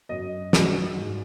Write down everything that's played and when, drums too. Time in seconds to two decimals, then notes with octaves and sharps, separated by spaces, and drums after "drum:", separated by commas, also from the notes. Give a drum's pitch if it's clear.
0.09 F#2 D#5
0.53 F#3, drum: snare
0.96 G#2